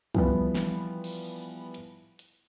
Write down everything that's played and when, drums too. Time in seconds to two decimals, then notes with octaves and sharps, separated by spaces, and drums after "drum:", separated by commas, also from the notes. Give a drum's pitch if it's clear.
0.15 E3 F3 G3 B3, drum: kick
0.55 drum: snare
1.04 drum: cymbal
1.74 drum: hi-hat
2.19 drum: hi-hat